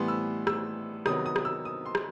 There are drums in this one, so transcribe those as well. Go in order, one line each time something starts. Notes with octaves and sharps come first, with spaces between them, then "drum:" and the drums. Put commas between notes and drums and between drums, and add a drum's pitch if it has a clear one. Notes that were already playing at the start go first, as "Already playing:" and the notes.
Already playing: A2 E3 G3 B3 C6
E6
E6, drum: rim click
C3 D#3 F#3 B3 D#6, drum: rim click
D#6
drum: rim click
E6
D#6
C6
drum: rim click